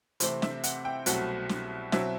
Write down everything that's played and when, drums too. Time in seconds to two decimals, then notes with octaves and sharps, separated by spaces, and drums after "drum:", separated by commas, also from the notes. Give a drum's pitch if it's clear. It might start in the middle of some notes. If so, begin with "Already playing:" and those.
0.20 C3 E3 A3 C4 E4 C5, drum: hi-hat
0.42 E5, drum: snare
0.63 F#5, drum: hi-hat
0.85 G5
1.06 C2 B2 F#3 A3 C4 F#5, drum: hi-hat
1.49 drum: snare
1.92 B2 F#3 C4 E4 E5, drum: snare